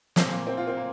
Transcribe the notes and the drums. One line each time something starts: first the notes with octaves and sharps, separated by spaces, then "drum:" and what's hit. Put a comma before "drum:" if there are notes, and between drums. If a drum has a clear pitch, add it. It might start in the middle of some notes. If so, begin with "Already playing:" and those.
A#2 F3 C4, drum: snare
A#3
C4
F4
C4
A#3